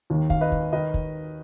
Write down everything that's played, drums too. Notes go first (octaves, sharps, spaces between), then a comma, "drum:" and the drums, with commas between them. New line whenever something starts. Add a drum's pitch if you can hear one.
D#2 D#3
F5, drum: kick
B4 D#5
drum: kick
D#3 B4 D#5
drum: kick